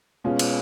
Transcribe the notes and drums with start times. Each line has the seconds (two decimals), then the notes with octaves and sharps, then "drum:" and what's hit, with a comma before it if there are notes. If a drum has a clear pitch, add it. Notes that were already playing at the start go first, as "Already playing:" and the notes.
0.24 B2 G#3 C#4 F4
0.39 drum: cymbal